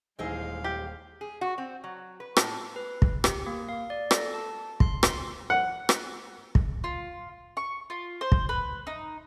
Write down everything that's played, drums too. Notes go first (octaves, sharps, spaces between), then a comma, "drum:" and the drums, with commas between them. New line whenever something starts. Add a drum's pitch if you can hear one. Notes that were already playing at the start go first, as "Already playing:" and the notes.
D#1 E3 G#3 C4 D#4 G#4 F5
G4
G#4
F#4
C4
F#3
B4
A2, drum: rim click
B4
drum: kick
G4, drum: rim click
A#3
F5
D5
A4, drum: rim click
A5
C6, drum: kick
C6, drum: rim click
F#5
drum: rim click
drum: kick
F4
C#6
F4
C5
drum: kick
B4
D#4